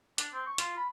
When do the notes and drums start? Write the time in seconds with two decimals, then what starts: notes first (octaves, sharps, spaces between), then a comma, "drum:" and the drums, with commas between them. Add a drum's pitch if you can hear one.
0.18 D4, drum: hi-hat
0.33 C4
0.46 C#6
0.58 F4, drum: hi-hat
0.77 B5